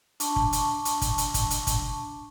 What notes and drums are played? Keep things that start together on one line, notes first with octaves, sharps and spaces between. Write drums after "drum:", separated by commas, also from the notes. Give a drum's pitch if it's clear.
D4 A5 C#6 D6, drum: hi-hat
drum: kick
drum: hi-hat
drum: hi-hat
drum: kick, hi-hat
drum: hi-hat
drum: kick, hi-hat
drum: hi-hat
drum: kick, hi-hat